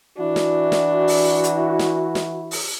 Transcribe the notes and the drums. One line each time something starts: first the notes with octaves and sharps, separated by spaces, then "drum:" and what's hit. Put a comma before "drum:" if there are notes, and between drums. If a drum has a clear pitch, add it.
E3 D4 E4 F#4
drum: snare
drum: snare
drum: open hi-hat
drum: hi-hat
drum: snare
drum: snare
drum: open hi-hat